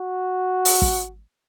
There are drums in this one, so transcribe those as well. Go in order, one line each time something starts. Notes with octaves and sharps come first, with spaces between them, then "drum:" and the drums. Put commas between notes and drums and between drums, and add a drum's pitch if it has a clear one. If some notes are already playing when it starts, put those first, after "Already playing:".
Already playing: F#4
drum: open hi-hat
drum: kick